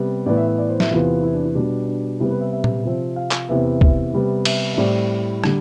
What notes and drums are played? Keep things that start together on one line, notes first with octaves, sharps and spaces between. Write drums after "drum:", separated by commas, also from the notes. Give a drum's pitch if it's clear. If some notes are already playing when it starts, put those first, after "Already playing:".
Already playing: C3 G3 B3
A2 E3 B3 D5
E5
E5
D5
C5
E5, drum: snare
E2 C3 E3 B3 F4
E4
D4
E4
B2 G3 B3 D4
D4
C3 G3 B3 E4
B4
E5
E5
drum: tom A#2
C3 F3 C4
F5
drum: clap
E2 C3 E3 B3 E5
E5, drum: kick
C3 G3 B3
E5, drum: cymbal
E5
A2 G3 C4 D5
D3 G3, drum: rim click